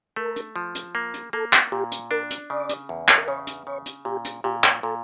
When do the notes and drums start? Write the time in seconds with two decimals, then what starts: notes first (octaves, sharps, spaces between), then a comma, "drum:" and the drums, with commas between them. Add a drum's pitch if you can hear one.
0.16 A3 A#4
0.36 drum: hi-hat
0.56 F3
0.75 drum: hi-hat
0.95 A#3
1.14 drum: hi-hat
1.33 A#3 A4
1.53 drum: clap
1.72 A#2 G4
1.92 drum: hi-hat
2.11 D4 A#4
2.31 drum: hi-hat
2.50 C#3 D5
2.69 drum: hi-hat
2.89 E2
3.08 drum: clap
3.18 A#4
3.28 C#3 C#5
3.47 drum: hi-hat
3.67 C#3 C#5
3.86 drum: hi-hat
4.05 A#2 G4
4.25 drum: hi-hat
4.44 A#2 G4
4.64 drum: clap
4.83 A#2 A4